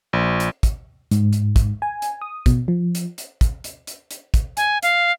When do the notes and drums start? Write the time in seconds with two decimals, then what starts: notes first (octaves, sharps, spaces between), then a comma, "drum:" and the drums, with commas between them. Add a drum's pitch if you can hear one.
0.13 A#1
0.40 drum: hi-hat
0.63 drum: kick, hi-hat
1.11 G#2, drum: hi-hat
1.33 drum: hi-hat
1.56 drum: kick, hi-hat
1.82 G#5
2.02 drum: hi-hat
2.22 D#6
2.46 B2, drum: kick, hi-hat
2.68 F3
2.95 drum: hi-hat
3.18 drum: hi-hat
3.41 drum: kick, hi-hat
3.64 drum: hi-hat
3.87 drum: hi-hat
4.11 drum: hi-hat
4.34 drum: kick, hi-hat
4.57 G#5, drum: hi-hat
4.83 F5, drum: hi-hat